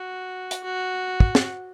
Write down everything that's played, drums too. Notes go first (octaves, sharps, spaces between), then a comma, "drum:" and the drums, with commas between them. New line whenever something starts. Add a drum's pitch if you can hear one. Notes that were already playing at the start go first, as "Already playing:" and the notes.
Already playing: F#4
drum: hi-hat
F#4
drum: kick
drum: snare